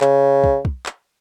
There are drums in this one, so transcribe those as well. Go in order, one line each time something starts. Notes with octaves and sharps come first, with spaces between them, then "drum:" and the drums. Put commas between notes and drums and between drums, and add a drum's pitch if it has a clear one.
C#3, drum: clap
drum: kick
drum: kick
drum: clap